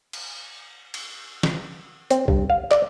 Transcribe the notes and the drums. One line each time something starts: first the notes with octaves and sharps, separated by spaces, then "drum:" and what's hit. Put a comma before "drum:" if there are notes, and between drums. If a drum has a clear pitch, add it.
drum: cymbal
drum: cymbal
drum: snare
C4, drum: hi-hat
G2, drum: kick B1
F5
D5, drum: clap